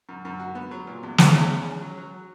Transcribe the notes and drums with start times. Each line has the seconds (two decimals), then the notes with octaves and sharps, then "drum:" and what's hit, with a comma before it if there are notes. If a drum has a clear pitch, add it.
0.09 F#2
0.25 F#2
0.40 F#4
0.55 B3
0.71 F#3
0.87 A#2
1.03 E2
1.18 E2, drum: snare
1.35 E2
1.50 C#3
1.66 C#4
1.82 F#3
1.98 F#3